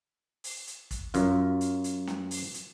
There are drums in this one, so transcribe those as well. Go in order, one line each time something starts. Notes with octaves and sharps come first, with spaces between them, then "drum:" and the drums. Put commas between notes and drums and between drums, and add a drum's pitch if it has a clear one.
drum: open hi-hat
drum: hi-hat
drum: kick, hi-hat
F#2 F4, drum: hi-hat
drum: hi-hat
drum: hi-hat
drum: snare
drum: open hi-hat
drum: hi-hat